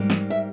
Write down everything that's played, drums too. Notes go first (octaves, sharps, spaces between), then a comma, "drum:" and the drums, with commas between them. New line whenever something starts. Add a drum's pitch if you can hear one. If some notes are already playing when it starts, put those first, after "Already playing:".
Already playing: G#2 G3 A#3
drum: snare
E5